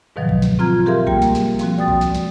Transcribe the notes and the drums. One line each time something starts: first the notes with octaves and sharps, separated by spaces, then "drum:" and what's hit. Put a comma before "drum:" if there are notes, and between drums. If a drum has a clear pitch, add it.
G#2 B2 D#3 F3 F#3
drum: kick A1
drum: snare
C4 F4 A#5 F6 G#6
G4 G#4 A#4 E5 F5 C6
G3 A#3 G5, drum: kick A1
drum: snare
drum: snare
F3 C4 F#4, drum: snare
D5 G5 D#6 A6
drum: kick A1
drum: snare
drum: snare